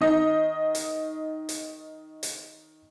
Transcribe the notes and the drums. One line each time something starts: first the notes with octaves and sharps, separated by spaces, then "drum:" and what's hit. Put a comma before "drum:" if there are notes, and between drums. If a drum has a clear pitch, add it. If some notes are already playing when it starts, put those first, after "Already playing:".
D#3 D#5
drum: hi-hat
drum: hi-hat
drum: hi-hat